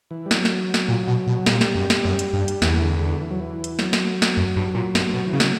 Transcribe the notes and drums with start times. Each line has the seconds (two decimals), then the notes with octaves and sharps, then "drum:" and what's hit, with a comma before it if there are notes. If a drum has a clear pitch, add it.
0.11 E3
0.26 G3
0.31 F#3, drum: snare
0.45 drum: snare
0.74 drum: snare
0.89 A#2
1.08 B2
1.27 B2
1.36 F#3
1.46 A#2 G3, drum: snare
1.61 drum: snare
1.75 F#2
1.90 drum: snare
2.05 F#2
2.19 drum: hi-hat
2.33 G2
2.48 drum: hi-hat
2.62 E2 E3, drum: snare
2.81 D3
3.01 D3
3.21 E3
3.31 F#3
3.40 E3
3.64 drum: hi-hat
3.79 F#3, drum: snare
3.93 drum: snare
4.22 drum: snare
4.37 F#2
4.56 G2
4.75 A#2
4.95 G2, drum: snare
5.14 B2
5.27 E3
5.33 C#3
5.40 F#3, drum: snare